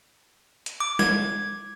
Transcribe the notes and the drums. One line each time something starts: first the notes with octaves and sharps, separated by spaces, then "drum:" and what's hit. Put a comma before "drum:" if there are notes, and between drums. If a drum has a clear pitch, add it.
drum: hi-hat
D6
G#6, drum: snare